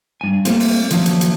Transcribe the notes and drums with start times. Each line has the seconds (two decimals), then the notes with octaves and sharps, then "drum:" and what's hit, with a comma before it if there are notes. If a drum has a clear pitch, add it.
0.21 G2 G#5
0.45 G3 A3 A#3 C4 F4, drum: hi-hat
0.60 drum: open hi-hat
0.90 D#2 F3 F#3 C#4 F5 A5, drum: hi-hat
1.06 drum: hi-hat
1.21 drum: hi-hat